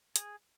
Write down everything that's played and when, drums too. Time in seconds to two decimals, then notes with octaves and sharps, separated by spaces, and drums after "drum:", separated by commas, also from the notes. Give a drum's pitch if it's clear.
0.16 G#4, drum: hi-hat